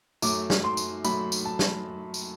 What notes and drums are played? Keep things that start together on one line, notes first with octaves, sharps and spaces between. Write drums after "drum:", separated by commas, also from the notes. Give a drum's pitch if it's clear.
F#2 F#3 A3 D6, drum: tambourine
drum: snare
C6
drum: tambourine
F#2 F#3 A3 B5, drum: tambourine
drum: tambourine
A5
drum: snare
drum: tambourine